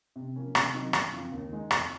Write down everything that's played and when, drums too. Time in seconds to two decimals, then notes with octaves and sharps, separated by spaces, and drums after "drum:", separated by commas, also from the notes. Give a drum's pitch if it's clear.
0.16 C3
0.36 F3 A#3 C#4
0.55 C3, drum: rim click
0.74 D#3 F#3 C4 D#4
0.93 F#2, drum: rim click
1.12 C#3 F3 C4
1.32 D#2
1.52 D#3 G#3 D#4
1.71 F2, drum: rim click